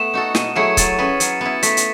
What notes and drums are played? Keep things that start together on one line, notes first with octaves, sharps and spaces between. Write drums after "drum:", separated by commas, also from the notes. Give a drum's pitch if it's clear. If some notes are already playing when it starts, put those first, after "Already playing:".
Already playing: A3 B3 B4 E7
D#4 F#4 A4
B2 D#7, drum: snare
F#3 A3 E4 G#4 C#7
F#3 A6, drum: kick C#1, hi-hat
C#4 G#4 B4
F#3, drum: hi-hat
B3 E4
A3 B6, drum: hi-hat
drum: hi-hat